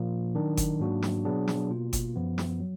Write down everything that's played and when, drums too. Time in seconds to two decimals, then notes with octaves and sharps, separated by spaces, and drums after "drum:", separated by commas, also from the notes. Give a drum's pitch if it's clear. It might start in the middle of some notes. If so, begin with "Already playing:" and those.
Already playing: A#2 F3 A#3
0.35 D#3 F#3 D4
0.57 drum: kick G1, hi-hat
0.80 G#2 F#3 A#3 D4 F#4
1.02 drum: snare
1.25 B2 F#3 B3 D4 G#4
1.48 drum: snare
1.70 B2 A#3 F4
1.93 drum: kick G1, hi-hat
2.16 F#2 F3 B3
2.38 drum: snare
2.60 F#3